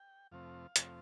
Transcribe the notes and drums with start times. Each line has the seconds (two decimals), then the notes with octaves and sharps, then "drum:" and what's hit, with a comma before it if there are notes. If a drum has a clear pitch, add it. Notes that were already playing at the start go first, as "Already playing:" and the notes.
Already playing: G5
0.32 F2 C3 F3 A3 C4 F5
0.76 F2 C3 F3 A3 C4, drum: hi-hat